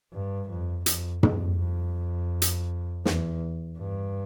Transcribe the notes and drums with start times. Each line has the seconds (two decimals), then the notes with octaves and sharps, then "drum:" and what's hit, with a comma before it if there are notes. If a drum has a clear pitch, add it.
0.13 G2
0.50 F2
0.86 F2, drum: hi-hat
1.23 F2, drum: tom
1.59 F2
2.42 drum: hi-hat
3.05 E2, drum: snare
3.79 G2